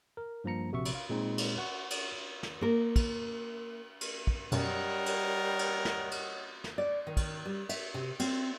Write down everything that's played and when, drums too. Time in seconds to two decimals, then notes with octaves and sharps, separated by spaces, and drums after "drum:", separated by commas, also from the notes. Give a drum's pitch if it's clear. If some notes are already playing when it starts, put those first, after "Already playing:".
0.17 A#4
0.44 G2 F3 A#3 A#5 C#7
0.72 A#1 C3 F#4 E5 C#6
0.85 drum: cymbal
0.95 F5
1.09 A#2 G#3 C4 D#4
1.38 drum: cymbal
1.58 F#5 C#6
1.90 drum: cymbal
2.43 drum: snare
2.61 A#3 A#4
2.96 drum: kick, cymbal
4.01 drum: cymbal
4.27 drum: kick
4.52 F#2 B2 G3 A#4 C#5 D#5 F#5, drum: cymbal
5.06 drum: cymbal
5.59 drum: cymbal
5.85 drum: snare
6.11 drum: cymbal
6.64 drum: snare
6.78 D5
7.07 D#3
7.17 drum: kick, cymbal
7.46 G3
7.69 E5, drum: cymbal
7.94 C3
8.20 C4, drum: cymbal